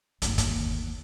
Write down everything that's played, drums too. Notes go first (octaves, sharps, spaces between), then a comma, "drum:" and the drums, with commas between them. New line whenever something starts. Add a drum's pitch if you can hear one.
G1 D#2, drum: hi-hat
drum: kick, hi-hat